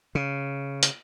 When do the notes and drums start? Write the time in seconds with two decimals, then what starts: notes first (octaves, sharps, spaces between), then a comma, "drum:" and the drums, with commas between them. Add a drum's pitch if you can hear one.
0.15 C#3
0.83 drum: hi-hat